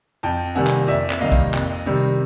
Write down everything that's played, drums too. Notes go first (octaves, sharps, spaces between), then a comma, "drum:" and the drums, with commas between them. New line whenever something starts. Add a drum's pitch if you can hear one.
F2 G5 A5
drum: tambourine
C3 D#3 G3 A#3 F#5 G#5
drum: clap
F2 D5 E5, drum: tambourine
drum: clap
C3 D#3 G3 A#3 D#5 F5
drum: kick B1, tambourine
F2, drum: clap
drum: tambourine
C3 D#3 G3
drum: tambourine